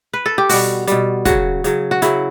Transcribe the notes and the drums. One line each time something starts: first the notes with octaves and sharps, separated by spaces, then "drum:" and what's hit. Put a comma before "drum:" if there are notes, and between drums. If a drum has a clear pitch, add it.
B4
A4
G4
B2 G3 F#4, drum: open hi-hat
B2 G3, drum: hi-hat
C#3 F#3 F#4, drum: kick, hi-hat
C#3 F#3, drum: hi-hat
F#4
C#3 F#3 E4, drum: hi-hat